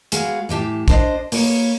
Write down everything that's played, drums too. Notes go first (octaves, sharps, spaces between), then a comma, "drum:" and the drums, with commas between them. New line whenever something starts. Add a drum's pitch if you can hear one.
G#3 B3 F#4 G#4 F5, drum: hi-hat
A2 E3 G4 A5
D4 C5 D#5, drum: kick
A#3 B4 C#5, drum: open hi-hat